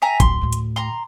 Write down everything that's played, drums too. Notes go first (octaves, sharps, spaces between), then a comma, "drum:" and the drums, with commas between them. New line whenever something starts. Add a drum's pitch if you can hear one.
E5 G#5 A#5
D1 C6, drum: kick, hi-hat
D2 A2
drum: hi-hat
A#5 C6